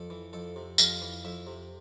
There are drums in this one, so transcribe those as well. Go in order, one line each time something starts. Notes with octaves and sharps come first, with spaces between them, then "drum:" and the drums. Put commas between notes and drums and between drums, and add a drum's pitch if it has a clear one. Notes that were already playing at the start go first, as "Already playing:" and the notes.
Already playing: F2 A4
E3
F2 A4
C3
F2 F5, drum: tambourine
E3
F2 E5
C3